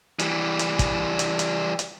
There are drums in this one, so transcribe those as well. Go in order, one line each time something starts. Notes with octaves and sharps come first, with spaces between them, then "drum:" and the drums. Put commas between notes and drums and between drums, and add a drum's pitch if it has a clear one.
E3 G3, drum: hi-hat
drum: hi-hat
drum: kick, hi-hat
drum: hi-hat
drum: hi-hat
drum: hi-hat